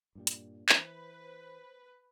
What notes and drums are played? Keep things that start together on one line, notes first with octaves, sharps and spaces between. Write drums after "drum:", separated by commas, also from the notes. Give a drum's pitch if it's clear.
G2 A#2 G3
drum: hi-hat
E3 B4 C5, drum: clap